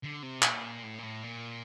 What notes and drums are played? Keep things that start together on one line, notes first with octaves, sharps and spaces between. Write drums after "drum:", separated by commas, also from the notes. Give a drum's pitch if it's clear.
D3
C3
A#2, drum: clap
A2
A#2
A2
A#2